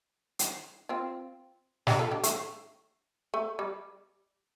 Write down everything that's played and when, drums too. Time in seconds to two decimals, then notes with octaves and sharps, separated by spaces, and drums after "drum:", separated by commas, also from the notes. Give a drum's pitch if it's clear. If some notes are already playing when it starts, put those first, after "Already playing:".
0.39 drum: hi-hat
0.89 C4 F4
1.87 D4 G4, drum: snare
1.99 F4 A4
2.11 D4 G4
2.23 A3 D4, drum: hi-hat
3.34 A3
3.59 G3